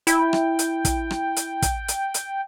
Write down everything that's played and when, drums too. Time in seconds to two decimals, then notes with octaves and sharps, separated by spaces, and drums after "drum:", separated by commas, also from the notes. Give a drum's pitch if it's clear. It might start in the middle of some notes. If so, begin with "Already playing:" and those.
0.07 E4 G5, drum: hi-hat
0.33 drum: rim click
0.59 drum: hi-hat
0.85 drum: kick, hi-hat
1.11 drum: rim click
1.36 drum: hi-hat
1.62 drum: kick, hi-hat
1.88 drum: hi-hat
2.14 drum: hi-hat